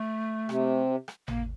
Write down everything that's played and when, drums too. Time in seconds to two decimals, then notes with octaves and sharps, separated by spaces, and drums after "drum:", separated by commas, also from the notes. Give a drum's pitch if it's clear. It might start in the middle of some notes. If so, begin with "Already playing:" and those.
Already playing: A3
0.49 C3, drum: rim click
1.08 drum: rim click
1.28 A#3, drum: tom G#1